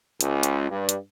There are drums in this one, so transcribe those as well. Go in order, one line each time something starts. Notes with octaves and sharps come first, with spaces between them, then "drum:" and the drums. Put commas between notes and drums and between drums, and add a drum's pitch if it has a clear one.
C#2, drum: hi-hat
drum: hi-hat
G2
drum: hi-hat